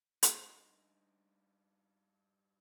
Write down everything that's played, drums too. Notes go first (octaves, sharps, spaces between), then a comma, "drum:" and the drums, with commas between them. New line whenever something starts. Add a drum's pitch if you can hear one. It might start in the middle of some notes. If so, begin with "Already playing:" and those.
G2 D#4, drum: hi-hat